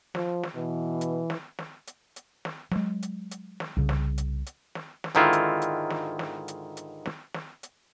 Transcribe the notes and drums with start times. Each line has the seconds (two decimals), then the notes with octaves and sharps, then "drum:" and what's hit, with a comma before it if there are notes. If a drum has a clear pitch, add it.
0.15 F3, drum: snare
0.43 drum: snare
0.55 B2 E3
1.01 drum: hi-hat
1.30 drum: snare
1.59 drum: snare
1.87 drum: hi-hat
2.16 drum: hi-hat
2.45 drum: snare
2.71 F#3 G#3, drum: snare
3.03 drum: hi-hat
3.31 drum: hi-hat
3.60 drum: snare
3.77 C2 C#3
3.89 drum: snare
4.18 drum: hi-hat
4.46 drum: hi-hat
4.75 drum: snare
5.04 drum: snare
5.15 G#2 D3 D#3 E4 F4
5.33 drum: hi-hat
5.62 drum: hi-hat
5.90 drum: snare
6.19 drum: snare
6.48 drum: hi-hat
6.77 drum: hi-hat
7.06 drum: snare
7.34 drum: snare
7.63 drum: hi-hat